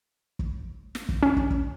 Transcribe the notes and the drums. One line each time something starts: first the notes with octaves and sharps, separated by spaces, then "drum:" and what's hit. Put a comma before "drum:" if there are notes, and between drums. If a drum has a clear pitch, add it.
drum: kick
drum: snare
drum: kick
C#4
drum: kick
drum: kick